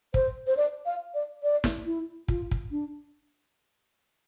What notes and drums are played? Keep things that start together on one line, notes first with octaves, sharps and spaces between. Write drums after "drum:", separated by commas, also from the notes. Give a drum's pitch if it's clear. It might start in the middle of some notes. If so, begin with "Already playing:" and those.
C5, drum: kick
C5
D5
F5
D5
D5
drum: snare
E4
F4, drum: kick
drum: kick
D4